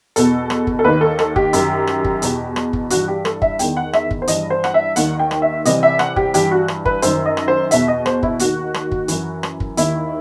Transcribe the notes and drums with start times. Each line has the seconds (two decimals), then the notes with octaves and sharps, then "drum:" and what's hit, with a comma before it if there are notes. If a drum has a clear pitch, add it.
0.16 E2 B2 A4, drum: hi-hat
0.50 drum: rim click
0.67 drum: kick
0.79 A4
0.84 D#2 D#3 B4
1.01 A4
1.19 A4, drum: rim click
1.36 G4, drum: kick
1.53 F#2 D#3, drum: hi-hat
1.87 drum: rim click
2.05 drum: kick
2.22 E2 B2, drum: hi-hat
2.56 drum: rim click
2.73 drum: kick
2.90 G2 E3 F#4, drum: hi-hat
3.08 G4
3.25 A4, drum: rim click
3.42 E5, drum: kick
3.59 E2 D#3 G5, drum: hi-hat
3.77 F#5
3.93 E5, drum: rim click
4.11 drum: kick
4.22 C5
4.27 G2 E3 D#5, drum: hi-hat
4.50 C5
4.64 F#5, drum: rim click
4.74 E5
4.96 D#2 D#3 F#5, drum: hi-hat
5.19 G5
5.31 drum: rim click
5.42 E5
5.65 C2 C3 E3 D#5, drum: hi-hat
5.83 E5
5.99 F#5, drum: rim click
6.16 G4, drum: kick
6.34 G2 E3 G4, drum: hi-hat
6.51 F#4
6.68 drum: rim click
6.86 B4, drum: kick
7.02 F#2 D#3 C5, drum: hi-hat
7.26 D#5
7.37 drum: rim click
7.48 C5
7.71 E2 B2 E5, drum: hi-hat
7.88 D#5
8.06 C5, drum: rim click
8.23 E4, drum: kick
8.39 D#2 D#3 F#4, drum: hi-hat
8.74 drum: rim click
8.92 drum: kick
9.08 F#2 E3, drum: hi-hat
9.43 drum: rim click
9.60 drum: kick
9.77 D#2 D#3 E4, drum: hi-hat